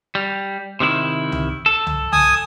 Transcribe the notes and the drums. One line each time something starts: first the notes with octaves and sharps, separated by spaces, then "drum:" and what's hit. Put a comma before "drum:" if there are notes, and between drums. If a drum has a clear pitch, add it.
G3
C3 D#3 E4
drum: tom C2
A4
drum: tom C2
G#5 D#6, drum: tom C2